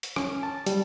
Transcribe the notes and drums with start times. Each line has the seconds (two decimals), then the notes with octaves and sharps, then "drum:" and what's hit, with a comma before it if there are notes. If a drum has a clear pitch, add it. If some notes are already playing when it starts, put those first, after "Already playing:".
0.03 drum: hi-hat
0.16 C#4, drum: rim click
0.43 A5
0.66 G3, drum: hi-hat